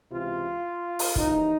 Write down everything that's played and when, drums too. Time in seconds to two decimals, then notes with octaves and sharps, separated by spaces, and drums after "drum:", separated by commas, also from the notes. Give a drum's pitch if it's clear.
0.11 C#2 C3 E3 F4
0.99 drum: open hi-hat
1.16 D#2 C#3 E3 D#4, drum: kick